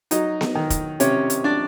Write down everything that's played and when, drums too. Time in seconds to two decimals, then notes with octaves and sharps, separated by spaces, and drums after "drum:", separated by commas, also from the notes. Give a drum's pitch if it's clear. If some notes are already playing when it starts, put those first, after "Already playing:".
0.11 F#3 D#4 D#5, drum: hi-hat
0.41 drum: snare B3
0.55 D#3
0.70 drum: kick, hi-hat
1.00 C3 C#4 C#5, drum: hi-hat
1.30 drum: hi-hat
1.44 D4 D5